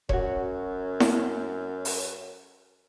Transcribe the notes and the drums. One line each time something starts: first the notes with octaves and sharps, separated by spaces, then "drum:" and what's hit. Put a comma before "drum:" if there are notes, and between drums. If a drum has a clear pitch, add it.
F#2 F#4 C#5, drum: kick E1
drum: snare E4
drum: open hi-hat